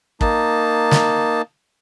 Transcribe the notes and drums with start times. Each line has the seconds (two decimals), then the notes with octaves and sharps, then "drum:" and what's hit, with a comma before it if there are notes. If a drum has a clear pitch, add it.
0.21 A#3 D#4 A5, drum: kick
0.91 drum: snare